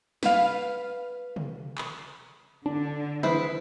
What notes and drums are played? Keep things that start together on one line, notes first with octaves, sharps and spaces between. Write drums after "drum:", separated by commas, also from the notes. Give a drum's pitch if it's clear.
B4 F5, drum: snare
drum: tom
drum: clap
D3 D4
E4 G#4 B4 C5, drum: tom